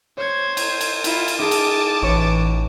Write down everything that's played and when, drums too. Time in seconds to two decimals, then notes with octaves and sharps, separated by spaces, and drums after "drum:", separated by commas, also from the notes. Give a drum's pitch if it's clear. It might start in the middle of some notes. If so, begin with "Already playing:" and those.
0.17 C5 C#5 G#6
0.57 drum: cymbal
0.81 drum: cymbal
1.04 E4 F4, drum: cymbal
1.28 drum: cymbal
1.39 D#4 G#4 A5 D6
1.51 drum: cymbal
2.02 A1 E3 B4 C#5 C#6